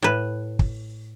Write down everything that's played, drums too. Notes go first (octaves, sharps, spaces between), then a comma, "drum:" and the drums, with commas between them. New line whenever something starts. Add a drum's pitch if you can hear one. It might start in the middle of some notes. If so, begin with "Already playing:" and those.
A2 B4
drum: kick